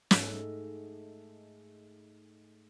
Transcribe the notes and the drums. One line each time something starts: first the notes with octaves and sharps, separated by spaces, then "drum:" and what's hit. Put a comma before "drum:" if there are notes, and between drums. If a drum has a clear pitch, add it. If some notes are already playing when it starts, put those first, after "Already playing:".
G#2 G#3 A3, drum: snare